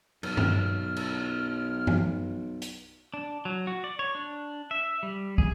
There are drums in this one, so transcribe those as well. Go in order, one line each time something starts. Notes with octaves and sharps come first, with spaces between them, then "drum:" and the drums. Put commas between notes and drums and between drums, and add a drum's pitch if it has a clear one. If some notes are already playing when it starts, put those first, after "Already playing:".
B1 F#2 B2 F6, drum: cymbal
drum: tom G2
drum: cymbal
drum: tom F#2
drum: hi-hat
D4
F#3
F#4
D5
C#5
D4
E5
G3
G#4, drum: kick